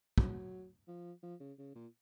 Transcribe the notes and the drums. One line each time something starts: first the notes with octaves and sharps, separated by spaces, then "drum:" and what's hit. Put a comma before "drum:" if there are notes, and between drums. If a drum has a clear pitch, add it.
F#3, drum: kick
F3
F3
C#3
C#3
A#2